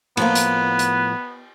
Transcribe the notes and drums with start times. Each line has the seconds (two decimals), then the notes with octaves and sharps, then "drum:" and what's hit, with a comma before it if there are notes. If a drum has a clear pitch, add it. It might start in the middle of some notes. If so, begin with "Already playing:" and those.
0.17 A2 F3 A#3 B3, drum: cymbal
0.35 drum: hi-hat
0.79 drum: hi-hat